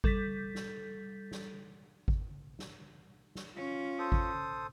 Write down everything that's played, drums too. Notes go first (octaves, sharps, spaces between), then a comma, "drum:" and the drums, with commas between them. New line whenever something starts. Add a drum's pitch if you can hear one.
G3 A4 G6 A6 B6, drum: kick G#1
drum: snare
drum: snare
drum: kick G#1
drum: snare
drum: snare
C#4 F4
A4 C5 D#6
drum: kick G#1